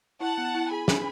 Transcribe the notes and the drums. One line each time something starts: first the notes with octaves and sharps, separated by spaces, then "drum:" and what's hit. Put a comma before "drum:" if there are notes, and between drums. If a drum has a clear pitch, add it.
E4 F#5 A5
B3
E4
G#4 G#5 B5
G#4, drum: snare